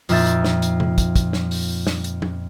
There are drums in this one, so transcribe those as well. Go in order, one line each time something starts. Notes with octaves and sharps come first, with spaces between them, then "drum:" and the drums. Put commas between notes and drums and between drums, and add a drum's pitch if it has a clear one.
F2 A#2 D#4 E5 G6 A6, drum: open hi-hat
drum: hi-hat
drum: snare
drum: hi-hat
drum: tom C3
drum: kick, hi-hat
drum: kick, hi-hat
drum: snare
drum: open hi-hat
drum: snare
drum: hi-hat
drum: tom